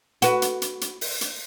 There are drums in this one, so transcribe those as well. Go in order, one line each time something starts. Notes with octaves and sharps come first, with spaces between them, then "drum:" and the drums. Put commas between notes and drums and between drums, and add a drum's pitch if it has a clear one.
F#4 B4, drum: hi-hat
drum: hi-hat
drum: hi-hat
drum: hi-hat
drum: open hi-hat
drum: hi-hat